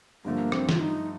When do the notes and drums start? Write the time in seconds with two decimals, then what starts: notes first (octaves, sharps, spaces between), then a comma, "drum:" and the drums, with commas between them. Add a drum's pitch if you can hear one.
0.25 G2 D3 F3 A3 A#3
0.52 C4, drum: rim click
0.69 F4, drum: snare
0.80 D#4